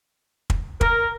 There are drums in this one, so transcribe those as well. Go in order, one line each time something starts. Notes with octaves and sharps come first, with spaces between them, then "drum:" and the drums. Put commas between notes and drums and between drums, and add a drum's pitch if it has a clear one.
drum: kick
A#4, drum: kick